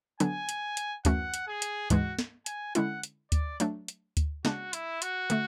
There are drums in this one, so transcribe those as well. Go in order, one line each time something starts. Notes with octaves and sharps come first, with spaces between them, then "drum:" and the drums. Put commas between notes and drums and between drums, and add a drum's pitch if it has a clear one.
D3 F#3 B3 D4 G#5, drum: hi-hat
drum: hi-hat
drum: hi-hat
F#2 E3 A3 C#4 F#4 F#5, drum: kick D2, hi-hat
drum: hi-hat
G#4
drum: hi-hat
G#2 E3 G#3 F#4, drum: kick D2, hi-hat
drum: snare
G#5, drum: hi-hat
D3 G#3 C#4 E4 F#5, drum: hi-hat
drum: hi-hat
D5, drum: kick D2, hi-hat
F#3 A3 D4, drum: hi-hat
drum: hi-hat
drum: kick D2, hi-hat
C#3 G#3 D4 F#4, drum: snare
E4, drum: hi-hat
F#4, drum: hi-hat
D3 A3, drum: hi-hat